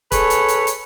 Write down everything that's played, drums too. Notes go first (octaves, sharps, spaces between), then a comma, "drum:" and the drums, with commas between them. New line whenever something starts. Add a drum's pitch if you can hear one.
G#4 A4 B4 C#5, drum: kick, hi-hat
drum: hi-hat
drum: hi-hat
drum: hi-hat